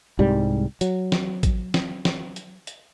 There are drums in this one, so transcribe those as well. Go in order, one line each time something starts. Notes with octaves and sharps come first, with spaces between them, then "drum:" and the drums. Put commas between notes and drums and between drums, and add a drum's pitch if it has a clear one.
C2 G#2 G3
F#3, drum: hi-hat
drum: snare
drum: kick, hi-hat
drum: snare
drum: snare
drum: hi-hat
drum: hi-hat